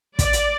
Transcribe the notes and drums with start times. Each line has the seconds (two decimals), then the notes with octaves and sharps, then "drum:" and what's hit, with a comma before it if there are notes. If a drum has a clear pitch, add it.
0.19 D5, drum: kick, hi-hat
0.33 drum: hi-hat